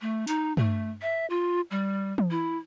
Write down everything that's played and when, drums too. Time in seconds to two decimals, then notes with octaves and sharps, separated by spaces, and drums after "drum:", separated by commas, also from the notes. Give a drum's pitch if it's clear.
0.01 A3
0.27 D#4, drum: hi-hat
0.57 A3, drum: tom G2
1.01 E5
1.30 F4
1.71 G3
2.18 drum: tom E3
2.31 E4